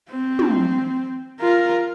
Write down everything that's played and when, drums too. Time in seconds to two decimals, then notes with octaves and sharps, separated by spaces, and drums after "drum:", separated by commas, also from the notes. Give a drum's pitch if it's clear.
0.11 C4
0.39 drum: tom
1.41 F4 A#4